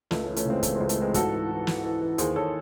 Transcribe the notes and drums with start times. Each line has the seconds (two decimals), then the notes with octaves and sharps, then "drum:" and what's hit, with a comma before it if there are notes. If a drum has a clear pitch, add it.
0.11 C#2 A3, drum: snare
0.24 A3 C#4
0.29 E3
0.36 A3 C#4, drum: hi-hat
0.45 C#3 G#3 C4
0.63 E3 A3, drum: kick, hi-hat
0.76 C#2 G#3 C4
0.89 A3, drum: hi-hat
0.97 E3 G#3 C4
1.14 G#2 F#4 A4, drum: kick, hi-hat
1.32 E3
1.49 E3
1.67 E3, drum: snare
1.84 E3
2.01 E3
2.18 D#2 G#4 C5, drum: hi-hat
2.36 D#2 A4 C#5